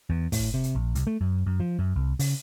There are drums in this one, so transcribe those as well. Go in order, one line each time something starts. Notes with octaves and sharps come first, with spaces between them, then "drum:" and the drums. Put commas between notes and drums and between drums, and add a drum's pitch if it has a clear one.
E2
A2, drum: kick, open hi-hat
C3
drum: hi-hat
A#1
C2, drum: hi-hat
A3
F#2
F#2
F3
F#2
C2
C#3, drum: open hi-hat